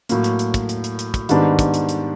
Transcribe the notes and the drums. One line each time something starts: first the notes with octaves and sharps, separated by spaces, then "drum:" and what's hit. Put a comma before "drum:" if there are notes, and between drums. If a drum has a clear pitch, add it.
A2 F#3 A#3, drum: hi-hat
drum: hi-hat
drum: hi-hat
drum: kick, hi-hat
drum: hi-hat
drum: hi-hat
drum: hi-hat
drum: kick, hi-hat
G#2 D#3 G3 B3 D4, drum: hi-hat
drum: kick, hi-hat
drum: hi-hat
drum: hi-hat